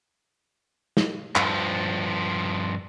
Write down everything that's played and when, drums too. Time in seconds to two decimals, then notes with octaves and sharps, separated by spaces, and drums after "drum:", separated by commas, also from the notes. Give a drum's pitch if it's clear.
0.97 drum: snare
1.36 G2 F3, drum: clap